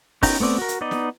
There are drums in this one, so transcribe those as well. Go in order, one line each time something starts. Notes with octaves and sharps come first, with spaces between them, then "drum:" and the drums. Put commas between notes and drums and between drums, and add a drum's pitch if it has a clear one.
B3 C#4 D#4 G5 A#5, drum: kick, open hi-hat
A3 B3 C4 D5
F#4 A#4
drum: hi-hat
B3 D#4 D5 D#5
drum: snare